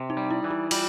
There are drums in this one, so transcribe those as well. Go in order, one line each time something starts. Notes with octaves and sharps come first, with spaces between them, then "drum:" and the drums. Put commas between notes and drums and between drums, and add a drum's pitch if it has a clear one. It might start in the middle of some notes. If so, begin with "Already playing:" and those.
Already playing: C3
D#4
G3
E4
E3
E4
G3 F4, drum: cymbal